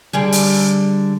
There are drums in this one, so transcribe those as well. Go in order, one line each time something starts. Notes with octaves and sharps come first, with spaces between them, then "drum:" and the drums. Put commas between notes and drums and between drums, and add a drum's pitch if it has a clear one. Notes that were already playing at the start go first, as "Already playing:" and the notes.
D3 G3 G#4
drum: open hi-hat